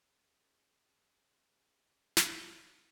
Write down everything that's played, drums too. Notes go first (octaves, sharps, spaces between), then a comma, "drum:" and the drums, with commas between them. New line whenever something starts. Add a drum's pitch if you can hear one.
C#4 G4 G#4
drum: snare
C5 B6